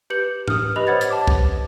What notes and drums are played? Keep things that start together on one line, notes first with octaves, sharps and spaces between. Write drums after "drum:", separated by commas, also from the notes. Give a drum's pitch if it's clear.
G4 B4 G6 C#7 F#7
D#6 F6, drum: tom G#2
G4 B4 D#5 B5 F7
C5 C#5 F#5 G#6 A6
drum: hi-hat
A5 D6
drum: kick B1